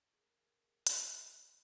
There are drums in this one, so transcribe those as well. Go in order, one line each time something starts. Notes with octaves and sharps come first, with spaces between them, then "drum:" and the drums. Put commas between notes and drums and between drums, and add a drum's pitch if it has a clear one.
G#4 A#4
drum: hi-hat